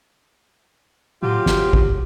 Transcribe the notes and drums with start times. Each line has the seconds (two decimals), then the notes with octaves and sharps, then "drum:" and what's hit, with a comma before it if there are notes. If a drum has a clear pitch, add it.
1.23 A2 F#3 F4 G4
1.46 G1, drum: snare
1.73 drum: kick